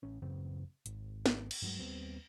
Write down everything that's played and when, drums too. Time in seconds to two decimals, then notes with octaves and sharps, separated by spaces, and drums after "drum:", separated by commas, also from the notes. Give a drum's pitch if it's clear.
0.03 A1 C#4
0.22 A1 F#2 C#3 C4
0.86 G#1, drum: hi-hat
1.26 drum: snare
1.51 drum: cymbal
1.62 G2 F#3 G#3
1.79 D#2 G3 B3 C4